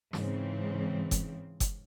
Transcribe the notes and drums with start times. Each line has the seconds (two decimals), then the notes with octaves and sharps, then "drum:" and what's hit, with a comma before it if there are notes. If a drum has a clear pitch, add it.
0.13 G#2 C#3 E3 C4, drum: snare
1.11 drum: kick F#1, hi-hat
1.60 drum: kick F#1, hi-hat